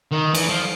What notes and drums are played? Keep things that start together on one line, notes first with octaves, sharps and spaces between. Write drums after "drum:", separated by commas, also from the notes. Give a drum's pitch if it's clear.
D#3
E3, drum: cymbal
F3